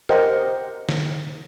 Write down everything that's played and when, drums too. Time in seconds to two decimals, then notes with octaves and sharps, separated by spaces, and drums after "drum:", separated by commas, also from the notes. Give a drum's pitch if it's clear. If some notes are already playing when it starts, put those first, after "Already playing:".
0.09 G4 A#4 C5 D#5 F#5 G5, drum: rim click
0.89 drum: snare